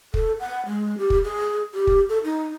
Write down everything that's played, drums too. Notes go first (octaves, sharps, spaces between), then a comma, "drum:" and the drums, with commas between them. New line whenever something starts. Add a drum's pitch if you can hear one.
A4, drum: kick
F#5
G#3
G4
drum: kick
G#4
G4
drum: kick
A4
D#4